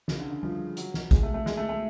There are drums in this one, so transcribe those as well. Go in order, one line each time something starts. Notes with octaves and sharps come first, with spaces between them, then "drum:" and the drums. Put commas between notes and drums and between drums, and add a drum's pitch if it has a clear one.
C#3, drum: snare
D3
D3
F3, drum: tom G3
F#3, drum: hi-hat
drum: snare
G#3, drum: kick, hi-hat
A3
A3
G#3, drum: snare
A3
A3